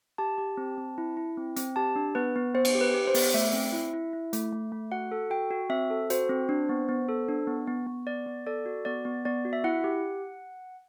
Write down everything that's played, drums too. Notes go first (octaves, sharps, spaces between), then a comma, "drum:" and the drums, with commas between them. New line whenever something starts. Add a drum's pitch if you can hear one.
G4 A5
G4
C4
C4
E4
E4
C4
C4, drum: hi-hat
G4 A5
D4
B3 B4
B3
B3 C5
drum: cymbal
G4
B4
G4
C5
B3, drum: open hi-hat
A3 E5
C4
E4
E4
E4
A3, drum: hi-hat
A3
A3
F#4 F#5
A4
F#4 G5
F#4
C4 E5
A4
F#4 C5, drum: hi-hat
C4
D4
B3
B3
A4
D4
B3
B3
B3
B3 D5
B3
A4 D5
F#4
B3 D5
B3
B3 D5
F#4
E5
E4 F#5
G4